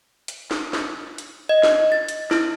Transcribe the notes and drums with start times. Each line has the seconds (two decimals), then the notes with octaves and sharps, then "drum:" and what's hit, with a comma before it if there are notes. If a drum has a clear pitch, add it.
0.28 drum: hi-hat
0.51 drum: snare
0.73 drum: snare
1.18 drum: hi-hat
1.49 D#5
1.63 drum: snare
1.92 A6
2.08 drum: hi-hat
2.31 E4, drum: snare